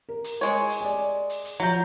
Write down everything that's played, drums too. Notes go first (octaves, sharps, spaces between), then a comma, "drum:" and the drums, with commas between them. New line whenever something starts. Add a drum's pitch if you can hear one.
A#4
drum: hi-hat
G#3 C#5
drum: hi-hat
D5 G#5
drum: hi-hat
drum: hi-hat
F3 F#3 A#5 G6